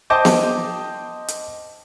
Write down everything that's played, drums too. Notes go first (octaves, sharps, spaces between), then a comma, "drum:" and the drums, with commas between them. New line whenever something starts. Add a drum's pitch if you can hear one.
C5 D#5 G5 A5 D6 G6
drum: snare B3
drum: hi-hat